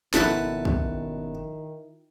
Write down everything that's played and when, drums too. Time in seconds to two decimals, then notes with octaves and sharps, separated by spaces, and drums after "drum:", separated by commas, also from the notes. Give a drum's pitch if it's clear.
0.14 G#1 B2 D#3 E4 F4 A4 B4 F#5, drum: snare
0.65 drum: kick